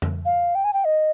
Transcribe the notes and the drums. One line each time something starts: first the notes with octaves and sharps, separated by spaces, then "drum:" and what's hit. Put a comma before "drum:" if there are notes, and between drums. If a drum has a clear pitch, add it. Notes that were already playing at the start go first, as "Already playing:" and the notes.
drum: tom F2
F5
G5
G#5
G5
D#5